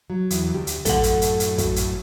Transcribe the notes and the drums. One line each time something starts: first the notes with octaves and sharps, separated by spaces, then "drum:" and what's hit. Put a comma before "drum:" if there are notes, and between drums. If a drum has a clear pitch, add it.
F#3
E2, drum: hi-hat
D2 G4
drum: hi-hat
F#2 A2 A4 F#5, drum: kick, hi-hat
drum: hi-hat
drum: hi-hat
drum: hi-hat
F#4, drum: kick, hi-hat
drum: hi-hat